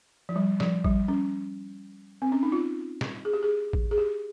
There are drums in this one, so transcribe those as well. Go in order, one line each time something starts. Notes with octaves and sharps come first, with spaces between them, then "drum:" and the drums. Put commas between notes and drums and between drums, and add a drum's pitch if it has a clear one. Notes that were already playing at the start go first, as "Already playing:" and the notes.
F3
G3
F3, drum: snare
G3, drum: kick A1
C#4
C4
C#4
D#4
F4
drum: snare
G#4
G4
G#4
drum: kick A1
G#4
G4